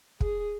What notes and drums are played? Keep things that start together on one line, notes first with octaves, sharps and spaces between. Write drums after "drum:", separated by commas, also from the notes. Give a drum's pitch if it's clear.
G#4, drum: kick